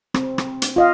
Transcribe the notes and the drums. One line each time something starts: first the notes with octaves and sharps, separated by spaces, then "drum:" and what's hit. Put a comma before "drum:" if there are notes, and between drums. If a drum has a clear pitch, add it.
C4, drum: rim click
drum: rim click
drum: hi-hat
F4 D#5 F5